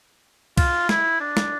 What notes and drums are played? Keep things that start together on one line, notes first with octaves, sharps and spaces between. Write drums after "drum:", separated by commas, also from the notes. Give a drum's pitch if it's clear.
F4, drum: kick C2, cymbal
E4, drum: snare
D4
drum: snare